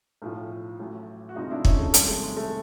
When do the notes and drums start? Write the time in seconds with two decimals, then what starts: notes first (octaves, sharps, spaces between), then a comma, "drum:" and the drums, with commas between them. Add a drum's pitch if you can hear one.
0.22 B1 A2 F3
0.79 A1 A2 F#3
1.29 F#4
1.36 D2 C3 F3 G#3 D#4 F4
1.51 D4 E4
1.65 C#4 D#4, drum: kick
1.79 A3
1.94 E1 E2 C3 D#3 G3 G#3, drum: hi-hat
2.08 A3
2.23 G#3
2.37 A3